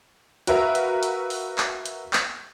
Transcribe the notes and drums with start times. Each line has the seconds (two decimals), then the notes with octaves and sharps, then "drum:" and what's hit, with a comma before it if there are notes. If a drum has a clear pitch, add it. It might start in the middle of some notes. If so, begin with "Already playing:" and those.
0.47 F#4 A#4 B4 E5 F5 A#5, drum: hi-hat
0.75 drum: hi-hat
1.03 drum: hi-hat
1.30 drum: open hi-hat
1.58 drum: clap
1.86 drum: hi-hat
2.13 drum: clap